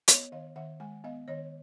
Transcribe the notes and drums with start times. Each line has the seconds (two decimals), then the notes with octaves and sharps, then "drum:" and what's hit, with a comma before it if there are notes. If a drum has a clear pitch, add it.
0.08 B3 C#5 D#5, drum: hi-hat
0.32 D#3 D#5 F5
0.56 D#3 E5 F#5
0.80 G#3 F#5 G#5
1.04 B3 D#5 F5
1.28 D#3 C#5 D#5